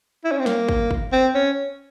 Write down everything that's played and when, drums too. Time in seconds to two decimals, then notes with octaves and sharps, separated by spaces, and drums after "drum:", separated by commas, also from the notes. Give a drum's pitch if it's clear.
0.25 E4
0.32 C#4
0.39 C4
0.46 A#3, drum: snare
0.69 drum: kick
0.91 drum: kick
1.13 C4
1.35 C#4